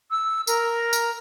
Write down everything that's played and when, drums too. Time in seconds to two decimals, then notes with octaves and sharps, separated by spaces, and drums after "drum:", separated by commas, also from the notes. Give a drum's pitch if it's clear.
0.11 E6
0.47 A#4, drum: tambourine
0.93 drum: tambourine